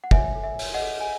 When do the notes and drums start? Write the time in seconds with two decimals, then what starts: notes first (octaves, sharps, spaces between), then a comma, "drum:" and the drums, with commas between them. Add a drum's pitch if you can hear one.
0.04 F#5
0.11 C#5 E5 G#5, drum: kick
0.35 A4
0.44 E5
0.59 C#5, drum: open hi-hat
0.74 D#5 F#5
0.82 A4
1.01 G#5